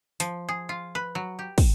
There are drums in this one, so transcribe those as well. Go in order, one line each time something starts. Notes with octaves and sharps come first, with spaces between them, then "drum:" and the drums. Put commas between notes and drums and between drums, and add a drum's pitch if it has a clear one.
F3, drum: hi-hat
G#4
F4
B4
F#3
G4
drum: kick, open hi-hat